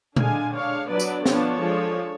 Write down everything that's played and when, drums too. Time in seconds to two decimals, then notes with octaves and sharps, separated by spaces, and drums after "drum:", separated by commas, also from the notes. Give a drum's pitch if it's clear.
0.16 D3 G#3 D4 F5 G#5, drum: tom A#2
0.53 G#3 D4 C#5 F5
0.89 F#3 B3 D4 B4 D5
1.00 drum: tambourine
1.26 F3 B3 D4 A4 C#5, drum: snare
1.62 F3 G#3 D4